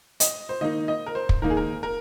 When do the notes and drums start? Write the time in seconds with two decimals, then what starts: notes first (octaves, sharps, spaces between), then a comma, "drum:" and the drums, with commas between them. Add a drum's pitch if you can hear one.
0.20 D#5, drum: hi-hat
0.49 C5
0.61 D#3 A#3 D#4 D#5
0.88 D#5
1.06 A#4
1.15 C5
1.29 drum: kick
1.42 D#3 A#3 D#4 A#4
1.50 G#4
1.57 A#4
1.83 A#4